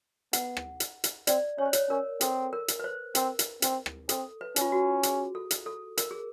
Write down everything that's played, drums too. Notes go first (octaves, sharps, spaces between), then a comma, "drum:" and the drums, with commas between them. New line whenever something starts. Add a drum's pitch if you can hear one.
B3 F#5, drum: hi-hat
drum: rim click
drum: hi-hat
drum: hi-hat
C4 D5, drum: hi-hat
C#4 C#5
C5
C#5, drum: hi-hat
C#4 A#4
C4 A4, drum: hi-hat
A#4
drum: hi-hat
B4
C5
C4 A#4, drum: hi-hat
drum: hi-hat
C4, drum: hi-hat
drum: rim click
C4 A4, drum: hi-hat
B4
C#4, drum: hi-hat
F4
F#4
G#4, drum: hi-hat
A4
drum: hi-hat
A4
A#4, drum: hi-hat
G#4